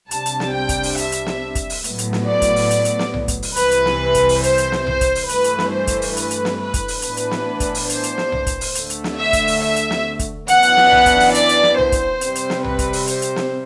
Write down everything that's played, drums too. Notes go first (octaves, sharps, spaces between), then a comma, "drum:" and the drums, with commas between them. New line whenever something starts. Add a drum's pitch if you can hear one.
C2 C3 G3 D4 A5, drum: hi-hat
drum: hi-hat
drum: snare
G5
drum: kick, hi-hat
drum: open hi-hat
E5, drum: hi-hat
drum: hi-hat
drum: snare
drum: kick, hi-hat
drum: open hi-hat
A2 F#3 B3, drum: hi-hat
drum: hi-hat
drum: snare
D5
drum: kick, hi-hat
drum: open hi-hat
drum: hi-hat
drum: hi-hat
drum: snare
drum: tom B1
drum: kick, hi-hat
drum: open hi-hat
C2 C3 E3 B4, drum: hi-hat
drum: hi-hat
drum: snare
drum: kick, hi-hat
drum: open hi-hat
C5, drum: hi-hat
drum: hi-hat
drum: snare
C5, drum: tom B1
drum: kick, hi-hat
drum: open hi-hat
G2 E3 A3 B4, drum: hi-hat
drum: hi-hat
drum: snare
C5
drum: kick, hi-hat
drum: open hi-hat
B4, drum: hi-hat
drum: hi-hat
drum: snare
B4
drum: kick, hi-hat
drum: open hi-hat
A2 E3 B3 D4 B4, drum: hi-hat
drum: hi-hat
drum: snare
drum: kick, hi-hat
drum: open hi-hat
C5, drum: hi-hat
drum: hi-hat
drum: snare
drum: tom B1
drum: kick, hi-hat
drum: open hi-hat
D2 D3 A3, drum: hi-hat
drum: hi-hat
drum: snare
E5
drum: kick, hi-hat
drum: open hi-hat
E5
drum: hi-hat
drum: snare
drum: kick, hi-hat
F#2 E3 B3 D4 F#5, drum: hi-hat
drum: hi-hat
drum: snare
drum: tom B1
drum: kick, hi-hat
drum: open hi-hat
D5, drum: hi-hat
drum: hi-hat
drum: snare
C5, drum: tom B1
drum: kick, hi-hat
C3 G3 C4, drum: hi-hat
drum: hi-hat
drum: snare
B4, drum: tom B1
drum: kick, hi-hat
drum: open hi-hat
C5, drum: hi-hat
drum: hi-hat
drum: snare